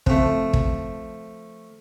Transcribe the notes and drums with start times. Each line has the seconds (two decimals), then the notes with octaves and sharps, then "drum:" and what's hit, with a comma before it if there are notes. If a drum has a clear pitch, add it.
0.06 C#3 F3 A3 C4, drum: kick
0.53 drum: kick